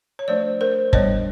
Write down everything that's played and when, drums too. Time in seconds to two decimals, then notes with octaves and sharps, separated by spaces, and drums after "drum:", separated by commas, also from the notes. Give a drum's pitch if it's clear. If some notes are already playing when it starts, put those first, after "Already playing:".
0.19 C#5
0.28 F3 A3 D4 C5 D5
0.61 A#4 C5
0.93 G3 B3 D4 C#5 D#5, drum: kick